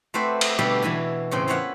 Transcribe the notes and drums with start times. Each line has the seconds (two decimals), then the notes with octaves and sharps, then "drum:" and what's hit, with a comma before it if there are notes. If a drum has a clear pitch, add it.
0.14 A3 C4 F#4 B4 C5 D5
0.41 drum: cymbal
0.59 B2 D3 G3 B3 G4 A4
0.82 B2 E3 G#5 B5
1.31 E2 A2 C#3 C4 C5
1.48 A#3 B3 F4 C#5 E5 F#5